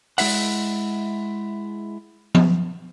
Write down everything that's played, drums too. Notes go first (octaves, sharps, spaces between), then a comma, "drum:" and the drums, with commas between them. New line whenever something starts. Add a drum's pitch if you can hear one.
G#3 E4 E5 F#5, drum: open hi-hat
drum: tom F3